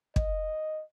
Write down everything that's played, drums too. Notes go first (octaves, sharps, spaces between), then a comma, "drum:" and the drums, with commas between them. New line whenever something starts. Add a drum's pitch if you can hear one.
D#5, drum: kick